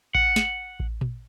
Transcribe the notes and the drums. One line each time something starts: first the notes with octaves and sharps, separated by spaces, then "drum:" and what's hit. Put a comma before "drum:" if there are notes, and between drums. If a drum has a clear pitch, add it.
F#5, drum: kick A1
drum: snare
drum: kick A1
drum: tom A#2